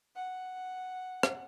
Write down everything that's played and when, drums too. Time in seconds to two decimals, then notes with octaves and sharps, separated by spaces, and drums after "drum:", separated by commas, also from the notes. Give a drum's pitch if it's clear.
0.16 F#5
1.23 drum: rim click